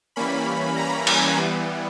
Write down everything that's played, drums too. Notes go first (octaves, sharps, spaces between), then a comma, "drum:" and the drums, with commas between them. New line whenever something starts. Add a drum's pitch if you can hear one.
E3 G3 A#3 C#4 B5
A#5
G#5, drum: cymbal
E3 G3 B3